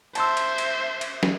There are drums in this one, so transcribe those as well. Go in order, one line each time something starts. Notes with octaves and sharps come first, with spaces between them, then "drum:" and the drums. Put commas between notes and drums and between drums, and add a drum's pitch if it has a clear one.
C5 E5 A5 C6 E6, drum: cymbal
drum: cymbal
drum: cymbal
drum: cymbal
drum: snare